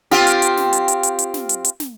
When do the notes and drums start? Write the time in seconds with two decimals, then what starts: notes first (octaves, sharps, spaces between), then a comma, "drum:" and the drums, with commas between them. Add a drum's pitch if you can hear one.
0.11 C4 F4 G4, drum: snare
0.27 drum: hi-hat
0.42 drum: hi-hat
0.57 drum: snare
0.73 drum: hi-hat
0.88 drum: hi-hat
1.03 drum: hi-hat
1.19 drum: hi-hat
1.34 drum: snare
1.49 drum: hi-hat
1.65 drum: hi-hat
1.80 drum: snare